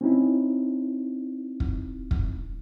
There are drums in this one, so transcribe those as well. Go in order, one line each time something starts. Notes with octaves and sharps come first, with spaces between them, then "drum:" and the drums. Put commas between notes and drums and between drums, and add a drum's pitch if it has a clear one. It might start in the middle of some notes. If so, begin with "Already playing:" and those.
C4 C#4 D#4 E4
drum: kick
drum: kick